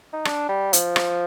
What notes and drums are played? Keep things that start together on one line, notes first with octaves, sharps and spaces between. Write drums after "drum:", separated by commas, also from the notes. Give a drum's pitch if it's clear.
D#4
D4, drum: rim click
G3
F3, drum: hi-hat
drum: rim click